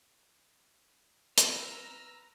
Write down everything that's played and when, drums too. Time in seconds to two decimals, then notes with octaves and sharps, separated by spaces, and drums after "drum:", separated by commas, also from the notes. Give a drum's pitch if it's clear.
1.38 B4 A#5 E6 F6, drum: hi-hat